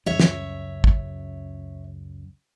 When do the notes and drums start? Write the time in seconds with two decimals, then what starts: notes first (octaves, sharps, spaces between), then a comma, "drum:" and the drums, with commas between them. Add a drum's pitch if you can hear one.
0.06 C#2 F#2 C#3 C#5 E5
0.20 drum: snare
0.84 drum: kick